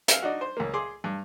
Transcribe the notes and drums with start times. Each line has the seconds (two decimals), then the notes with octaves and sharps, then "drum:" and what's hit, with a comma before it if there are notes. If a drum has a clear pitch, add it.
0.08 E5 F5, drum: hi-hat
0.22 D4 D#4 F#4
0.41 C5
0.57 C#2 A#3
0.73 G#4 C6 D6
1.04 G2